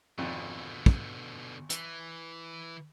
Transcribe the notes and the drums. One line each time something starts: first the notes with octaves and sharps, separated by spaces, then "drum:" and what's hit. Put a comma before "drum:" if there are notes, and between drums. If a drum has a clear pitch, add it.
G#1 F2 B2 D3
drum: kick
E3, drum: hi-hat